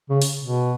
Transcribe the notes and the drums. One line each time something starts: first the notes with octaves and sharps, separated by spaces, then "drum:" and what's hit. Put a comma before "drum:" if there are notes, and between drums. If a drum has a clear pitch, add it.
C#3
drum: open hi-hat
B2